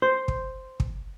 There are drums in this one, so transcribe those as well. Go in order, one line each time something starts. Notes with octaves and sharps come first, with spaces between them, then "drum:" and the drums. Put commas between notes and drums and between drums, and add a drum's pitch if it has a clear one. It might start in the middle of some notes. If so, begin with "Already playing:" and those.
C5
drum: kick
drum: kick